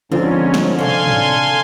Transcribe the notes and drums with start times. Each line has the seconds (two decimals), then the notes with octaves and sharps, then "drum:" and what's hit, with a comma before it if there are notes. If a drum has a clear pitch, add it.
0.12 G#2 D3 F3 C4 C#4 F4 C5
0.54 drum: snare
0.79 C3 D4 A4 C#5 F5 G#5 C6
1.07 drum: tom